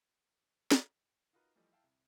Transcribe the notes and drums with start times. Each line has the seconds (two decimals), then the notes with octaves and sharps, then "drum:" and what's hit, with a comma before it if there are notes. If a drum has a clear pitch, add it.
0.71 drum: snare
1.33 D#4 F4 F#4 A#4 B4
1.56 E3 F3 G3 A3 D#5
1.72 E4 E5 F5 G5 A5
1.84 C2